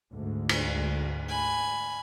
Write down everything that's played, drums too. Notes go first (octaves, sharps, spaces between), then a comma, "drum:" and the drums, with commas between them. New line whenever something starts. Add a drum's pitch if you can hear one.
D2 G#2
drum: cymbal
G#5 B5